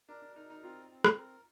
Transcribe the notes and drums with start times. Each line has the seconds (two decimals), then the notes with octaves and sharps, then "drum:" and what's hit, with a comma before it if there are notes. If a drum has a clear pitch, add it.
0.09 D4 A#4
0.22 D4
0.36 D#4 A#4
0.50 D#4
0.63 C4 F4
0.91 C4
1.04 drum: rim click
1.17 A#4